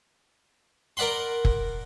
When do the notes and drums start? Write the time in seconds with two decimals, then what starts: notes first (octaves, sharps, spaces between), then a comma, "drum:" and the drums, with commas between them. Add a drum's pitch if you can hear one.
0.97 A#4 D5 F#5 B5 C6
1.45 drum: kick F1